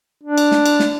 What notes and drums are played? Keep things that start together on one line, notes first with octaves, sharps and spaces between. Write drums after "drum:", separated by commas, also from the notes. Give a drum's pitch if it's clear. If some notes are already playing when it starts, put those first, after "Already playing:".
D4
drum: cymbal
drum: snare
drum: cymbal
drum: snare